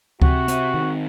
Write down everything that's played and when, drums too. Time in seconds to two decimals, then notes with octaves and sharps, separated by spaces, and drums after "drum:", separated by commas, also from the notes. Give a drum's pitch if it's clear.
0.22 C3 F#4, drum: kick C#2
0.48 C4, drum: hi-hat
0.74 D#3